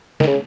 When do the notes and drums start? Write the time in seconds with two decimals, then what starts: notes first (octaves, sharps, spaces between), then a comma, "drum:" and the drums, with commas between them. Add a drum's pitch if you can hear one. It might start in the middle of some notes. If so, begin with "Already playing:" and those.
0.20 D#3, drum: snare
0.27 C#3